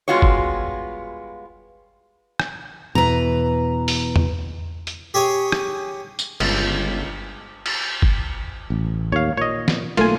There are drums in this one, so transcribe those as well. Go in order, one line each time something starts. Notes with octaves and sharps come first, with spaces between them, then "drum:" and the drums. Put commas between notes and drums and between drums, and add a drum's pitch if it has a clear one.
G3 G#3 B3 F4 F#4 C#5
drum: kick F#1
drum: rim click
E2 B2 E3 B4 A#5
drum: open hi-hat
drum: tom E2
drum: hi-hat
G4 G#4 C#5
drum: rim click
drum: tambourine
G1 C#2, drum: cymbal
drum: cymbal
drum: kick F#1
A1
D#2 C#5 F5
A#2 C#5 D#5
drum: snare
B1 A3 A#3 F4 G#5, drum: cymbal